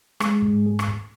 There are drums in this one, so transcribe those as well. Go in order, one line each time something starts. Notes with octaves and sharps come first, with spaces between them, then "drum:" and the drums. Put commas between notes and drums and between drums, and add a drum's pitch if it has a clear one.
G#3, drum: rim click
G#2
drum: rim click